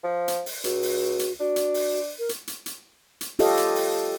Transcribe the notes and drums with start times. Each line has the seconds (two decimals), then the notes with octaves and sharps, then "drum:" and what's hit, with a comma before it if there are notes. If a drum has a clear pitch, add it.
0.04 F3
0.28 drum: hi-hat
0.46 drum: open hi-hat
0.64 C#2 F#4, drum: hi-hat
0.83 drum: open hi-hat
1.19 drum: hi-hat
1.40 D4 F#4
1.56 drum: hi-hat
1.74 drum: open hi-hat
2.19 A#4
2.29 drum: hi-hat
2.47 drum: hi-hat
2.66 drum: hi-hat
3.21 drum: hi-hat
3.39 F4 G4 A4 C#5 D#5 F5, drum: open hi-hat
3.57 drum: hi-hat
3.76 drum: open hi-hat